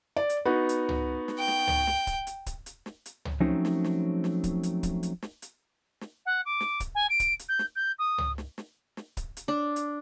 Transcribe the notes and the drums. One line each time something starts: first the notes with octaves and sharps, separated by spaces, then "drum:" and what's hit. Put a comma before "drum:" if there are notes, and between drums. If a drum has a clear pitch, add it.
D5
drum: hi-hat
B3 D#4 F#4
drum: hi-hat
drum: tom C#2
drum: snare
G5
drum: snare
drum: tom C#2
drum: snare
drum: kick C#1, hi-hat
drum: hi-hat
drum: kick C#1, hi-hat
drum: hi-hat
drum: snare
drum: hi-hat
drum: tom C#2
F3 F#3 A3 C4 C#4 D#4
drum: snare
drum: snare
drum: snare
drum: kick C#1, hi-hat
drum: hi-hat
drum: kick C#1, hi-hat
drum: hi-hat
drum: snare
drum: hi-hat
drum: snare
F#5
D6
drum: snare
drum: kick C#1, hi-hat
G#5
D7
drum: kick C#1, hi-hat
drum: hi-hat
G6
drum: snare
G6
D#6
drum: tom C#2
drum: snare
drum: snare
drum: snare
drum: kick C#1, hi-hat
drum: hi-hat
D4
drum: hi-hat